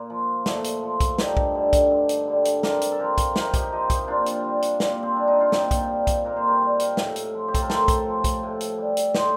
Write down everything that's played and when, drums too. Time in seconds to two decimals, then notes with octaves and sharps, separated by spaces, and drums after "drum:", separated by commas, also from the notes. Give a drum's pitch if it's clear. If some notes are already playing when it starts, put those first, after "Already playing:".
Already playing: A#2 A#3
0.10 F3
0.46 A#2 A3, drum: snare
0.64 drum: hi-hat
0.83 F3
1.00 drum: kick B1, hi-hat
1.18 G2 D#4 G4, drum: snare
1.37 drum: kick B1
1.55 D3 G3
1.73 drum: kick B1, hi-hat
1.91 G2
2.09 drum: hi-hat
2.28 D3 G3
2.45 drum: hi-hat
2.63 C3 A#4 D5, drum: snare
2.81 drum: hi-hat
2.92 A4
2.99 F3 G4 A#4
3.18 drum: kick B1, hi-hat
3.36 C3 G4 A#4, drum: snare
3.54 D#4 G4, drum: kick B1, hi-hat
3.72 F3 D#4 G4
3.90 D#4 G4, drum: kick B1, hi-hat
4.08 A#2 D4 F4
4.26 drum: hi-hat
4.44 G3
4.62 drum: hi-hat
4.80 A#2, drum: snare
5.03 C4
5.16 G3 D4
5.27 D#4
5.40 F4
5.52 A#2 D#4 G4, drum: snare
5.71 drum: kick B1, hi-hat
5.90 G3
6.07 drum: kick B1, hi-hat
6.25 A#2 A#4
6.36 C5
6.48 G4 A#4
6.62 G3
6.80 drum: hi-hat
6.97 A2, drum: snare
7.16 drum: hi-hat
7.34 F3
7.48 G4
7.55 A4, drum: kick B1, hi-hat
7.62 A#4
7.70 A2 A4 C5, drum: snare
7.88 drum: kick B1, hi-hat
8.06 F3
8.24 drum: kick B1, hi-hat
8.43 A2
8.61 drum: hi-hat
8.78 G3
8.97 drum: hi-hat
9.15 A2 C5 D#5, drum: snare